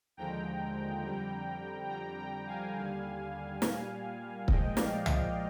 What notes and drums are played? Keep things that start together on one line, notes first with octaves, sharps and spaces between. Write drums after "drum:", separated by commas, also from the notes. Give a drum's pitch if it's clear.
D#2 D3 F3 G#3 G5 A#5
F2 D3 G3
F2 D3 G3 G5 A#5
G5 A#5
F5 G#5
D#2 D3 G3
A#2 G3, drum: snare
A#2 F3 G#3 D#5 G5, drum: kick C#1
D5 F5, drum: snare
D#5 G5, drum: tom